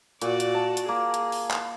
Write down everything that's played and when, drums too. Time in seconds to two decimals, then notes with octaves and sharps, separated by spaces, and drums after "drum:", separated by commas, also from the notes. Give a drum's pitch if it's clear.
0.22 A#2 F#4 D5, drum: hi-hat
0.40 drum: hi-hat
0.55 A5
0.77 drum: hi-hat
0.89 A#3 G#4
1.14 drum: hi-hat
1.32 drum: open hi-hat
1.51 drum: clap